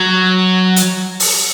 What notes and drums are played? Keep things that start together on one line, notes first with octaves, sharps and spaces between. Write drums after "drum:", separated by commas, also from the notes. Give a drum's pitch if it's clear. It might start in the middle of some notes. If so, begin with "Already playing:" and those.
Already playing: F#3
drum: hi-hat
drum: open hi-hat